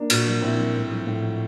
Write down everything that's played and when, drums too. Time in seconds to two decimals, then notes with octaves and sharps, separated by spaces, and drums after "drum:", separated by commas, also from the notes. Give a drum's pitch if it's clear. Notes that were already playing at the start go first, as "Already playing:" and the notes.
Already playing: A#3 D4
0.10 A#2, drum: cymbal
0.26 F3
0.41 A#2 C4 E4
0.58 F3
0.75 A2
0.91 F3
1.07 A2
1.24 F3